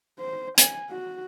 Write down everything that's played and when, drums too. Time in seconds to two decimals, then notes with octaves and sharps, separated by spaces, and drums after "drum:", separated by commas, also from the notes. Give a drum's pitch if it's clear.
0.20 C5
0.58 G#5, drum: hi-hat
0.90 F#4